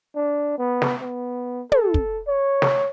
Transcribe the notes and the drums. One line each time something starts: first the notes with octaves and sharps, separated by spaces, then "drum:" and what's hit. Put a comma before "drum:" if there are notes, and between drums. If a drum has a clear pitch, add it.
D4
B3
drum: snare
B3
A4, drum: tom
drum: kick
C#5
drum: snare